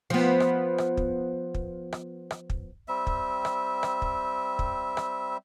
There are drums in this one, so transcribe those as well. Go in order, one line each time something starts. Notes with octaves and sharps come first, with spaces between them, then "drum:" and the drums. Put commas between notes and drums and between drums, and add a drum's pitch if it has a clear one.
F3 B3
drum: rim click
drum: rim click
drum: kick
drum: kick
drum: rim click
drum: rim click
drum: kick
G3 C4 E5
drum: kick
drum: rim click
drum: rim click
drum: kick
drum: kick
drum: rim click